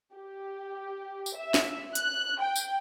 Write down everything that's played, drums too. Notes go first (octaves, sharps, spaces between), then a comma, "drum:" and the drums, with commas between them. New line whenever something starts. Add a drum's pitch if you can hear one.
G4
drum: tambourine
E5
drum: snare
F#6, drum: hi-hat
G5
drum: tambourine